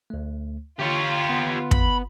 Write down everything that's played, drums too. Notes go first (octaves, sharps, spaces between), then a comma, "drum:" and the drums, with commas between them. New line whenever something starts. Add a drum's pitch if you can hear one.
D2 A3
D3 F4 G4 C#5
B3
B5, drum: kick